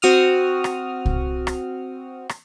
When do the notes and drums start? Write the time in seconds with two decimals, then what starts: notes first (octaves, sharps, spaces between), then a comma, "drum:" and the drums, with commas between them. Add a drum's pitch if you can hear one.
0.02 C4 F#4 D#6 F6
0.64 drum: rim click
1.05 drum: kick C2
1.47 drum: rim click
2.29 drum: rim click